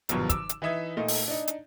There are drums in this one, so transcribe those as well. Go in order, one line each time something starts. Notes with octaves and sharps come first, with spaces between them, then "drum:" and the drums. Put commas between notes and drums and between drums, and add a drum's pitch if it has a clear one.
G#1 G2 B2 F3 F#3, drum: hi-hat
D6 E6, drum: kick, hi-hat
drum: hi-hat
E3 D#4 E5 D#6 G#6
A#2 A3 D#4
drum: open hi-hat
D4 D#4
drum: hi-hat